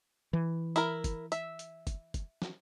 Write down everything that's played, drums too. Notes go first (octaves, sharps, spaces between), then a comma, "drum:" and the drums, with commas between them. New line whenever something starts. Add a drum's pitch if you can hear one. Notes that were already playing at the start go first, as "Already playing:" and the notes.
E3
E4 A#4, drum: hi-hat
drum: kick, hi-hat
E5, drum: hi-hat
drum: hi-hat
drum: kick, hi-hat
drum: kick, hi-hat
drum: snare